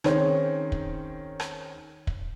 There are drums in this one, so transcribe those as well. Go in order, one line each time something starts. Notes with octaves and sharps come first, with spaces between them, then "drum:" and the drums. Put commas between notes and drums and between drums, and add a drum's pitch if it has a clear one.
D#3 C4 C#4 G#4 C5 C#5, drum: rim click
drum: kick
drum: rim click
drum: kick